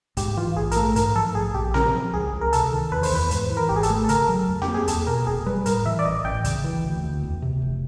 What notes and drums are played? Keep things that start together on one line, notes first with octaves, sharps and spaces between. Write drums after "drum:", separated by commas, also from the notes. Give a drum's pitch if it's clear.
G#2 G4, drum: kick, hi-hat
E3 F4
A#1 G#4
A#4, drum: hi-hat
A3 A4
G#2 A#4, drum: hi-hat
F3 A4
A#1 G#4
A#1 G4
C#3 A#4, drum: snare C4
F3
C#2 G#4
C#2
A#4
C3 A4, drum: hi-hat
D#3
E2 B4
C5, drum: open hi-hat
E2 B4
G#2 B4, drum: hi-hat
E3
A#4
G#1 G4
G#4
A4, drum: hi-hat
A3
A4
C#3 A#4, drum: hi-hat
F#3
F2
G4, drum: snare C4
A#3
G#4
E2 A4, drum: hi-hat
B2 A#4
F1 G#4
G3 B4
A2 A#4, drum: hi-hat
E3 E5
D5
A1 D#5
A1 G5
C#3, drum: kick, hi-hat
E3
D2
D2
E2
C3
F1